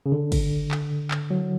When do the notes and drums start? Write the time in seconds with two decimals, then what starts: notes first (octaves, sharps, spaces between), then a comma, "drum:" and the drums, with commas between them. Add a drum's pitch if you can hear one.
0.06 C#3
0.12 D3
0.32 drum: kick, cymbal
0.71 drum: clap
1.11 drum: clap
1.30 F#3